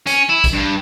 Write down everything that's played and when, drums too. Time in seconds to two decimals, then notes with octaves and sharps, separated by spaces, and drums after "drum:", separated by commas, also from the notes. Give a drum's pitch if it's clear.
0.07 C#4, drum: hi-hat
0.30 E4
0.44 drum: kick, hi-hat
0.54 G2